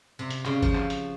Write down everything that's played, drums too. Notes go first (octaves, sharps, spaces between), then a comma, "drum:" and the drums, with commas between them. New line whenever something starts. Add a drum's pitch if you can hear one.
C3
drum: hi-hat
C#3, drum: clap
F3, drum: kick G1
drum: clap
drum: hi-hat